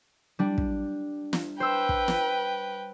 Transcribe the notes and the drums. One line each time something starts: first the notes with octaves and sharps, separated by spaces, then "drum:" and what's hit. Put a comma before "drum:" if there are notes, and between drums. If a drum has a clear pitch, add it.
G3 D4
drum: kick
drum: snare
B4 C5 G5 E6
drum: kick
drum: snare